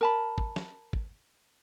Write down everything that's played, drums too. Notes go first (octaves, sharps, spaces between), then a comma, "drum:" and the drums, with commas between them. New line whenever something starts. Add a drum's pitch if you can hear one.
A#4 A5 B5
drum: kick
drum: snare
drum: kick